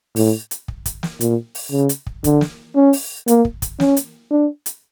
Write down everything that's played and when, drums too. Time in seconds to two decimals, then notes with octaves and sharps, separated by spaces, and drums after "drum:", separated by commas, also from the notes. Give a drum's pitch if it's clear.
0.16 A2, drum: open hi-hat
0.51 drum: hi-hat
0.68 drum: kick
0.86 drum: kick, hi-hat
1.03 drum: snare
1.21 A#2, drum: hi-hat
1.55 drum: open hi-hat
1.72 C#3
1.89 drum: hi-hat
2.07 drum: kick
2.24 D3, drum: kick, hi-hat
2.41 drum: snare
2.76 C#4
2.93 drum: open hi-hat
3.28 A#3, drum: hi-hat
3.45 drum: kick
3.62 drum: kick, hi-hat
3.80 C#4, drum: snare
3.97 drum: hi-hat
4.31 D4
4.66 drum: hi-hat